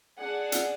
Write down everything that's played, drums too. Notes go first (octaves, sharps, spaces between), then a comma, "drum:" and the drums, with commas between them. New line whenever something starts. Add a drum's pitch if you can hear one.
D4 G#4 F#5
drum: hi-hat